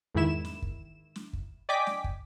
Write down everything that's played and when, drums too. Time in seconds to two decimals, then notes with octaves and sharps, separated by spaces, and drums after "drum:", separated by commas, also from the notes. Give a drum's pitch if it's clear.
0.14 E2 G#2 D#3 E4 E7
0.45 drum: snare
0.62 drum: kick
1.16 drum: snare
1.33 drum: kick
1.69 D5 D#5 G5 G#5 D6 B6
1.87 drum: snare
2.04 drum: kick